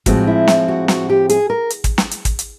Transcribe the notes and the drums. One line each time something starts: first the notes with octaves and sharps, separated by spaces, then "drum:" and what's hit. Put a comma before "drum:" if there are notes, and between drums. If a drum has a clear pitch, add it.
A2 F3 G#3 C4 F#4, drum: kick, hi-hat
E4
drum: snare
F#4
F#4, drum: snare
G4
G#4, drum: hi-hat
A#4
drum: hi-hat
drum: kick, hi-hat
drum: snare
drum: hi-hat
drum: kick, hi-hat
drum: hi-hat